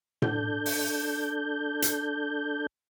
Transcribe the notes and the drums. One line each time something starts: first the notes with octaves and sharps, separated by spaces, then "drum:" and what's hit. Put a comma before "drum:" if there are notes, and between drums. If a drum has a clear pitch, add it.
D4 A4 G6, drum: tom A2
drum: open hi-hat
drum: hi-hat